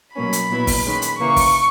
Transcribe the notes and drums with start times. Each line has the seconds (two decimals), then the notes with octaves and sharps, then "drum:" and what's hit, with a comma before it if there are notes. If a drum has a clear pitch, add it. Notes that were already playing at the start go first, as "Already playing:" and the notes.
0.15 B2 F#3 A#3 C#4 B5
0.33 drum: hi-hat
0.50 A#2 F#3 B3 E4
0.67 drum: kick, open hi-hat
0.85 D#3 G#3 C#4 B5
1.02 drum: hi-hat
1.19 C#3 E3 A#3 C#6
1.36 drum: kick, open hi-hat